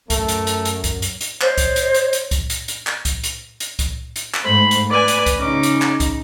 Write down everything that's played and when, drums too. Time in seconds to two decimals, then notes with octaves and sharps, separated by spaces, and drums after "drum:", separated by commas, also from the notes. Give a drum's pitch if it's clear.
0.10 F#2 A3, drum: kick C2, hi-hat
0.28 drum: hi-hat
0.47 drum: hi-hat
0.65 drum: hi-hat
0.84 drum: kick C2, hi-hat
1.02 drum: hi-hat
1.21 drum: hi-hat
1.41 C5 C#5 D#5, drum: clap
1.58 drum: kick C2, hi-hat
1.76 drum: hi-hat
1.94 drum: hi-hat
2.13 drum: hi-hat
2.31 drum: kick C2, hi-hat
2.50 drum: hi-hat
2.68 drum: hi-hat
2.87 drum: clap
3.05 drum: kick C2, hi-hat
3.24 drum: hi-hat
3.60 drum: hi-hat
3.79 drum: kick C2, hi-hat
4.16 drum: hi-hat
4.34 drum: clap
4.44 G#2 A3 C5 B5
4.71 drum: hi-hat
4.90 B4 D5 G#5
5.08 drum: hi-hat
5.26 drum: kick C2, hi-hat
5.38 C#3 C#4 D#4 D6
5.63 drum: hi-hat
5.82 drum: clap
6.00 drum: kick C2, hi-hat